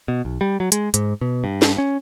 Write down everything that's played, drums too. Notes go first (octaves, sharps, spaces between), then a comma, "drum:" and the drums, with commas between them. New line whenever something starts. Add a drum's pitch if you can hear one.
B2
B1
G3
F#3
G#3, drum: hi-hat
G#2, drum: hi-hat
B2
G2
drum: snare
C#4